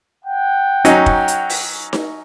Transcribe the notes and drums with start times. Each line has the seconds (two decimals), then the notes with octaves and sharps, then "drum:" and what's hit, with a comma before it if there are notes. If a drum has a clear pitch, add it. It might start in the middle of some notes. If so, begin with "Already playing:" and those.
0.25 F#5 G5
0.85 F#3 C#4 D#4, drum: hi-hat
1.06 drum: kick
1.28 drum: hi-hat
1.49 drum: open hi-hat
1.93 drum: snare D#4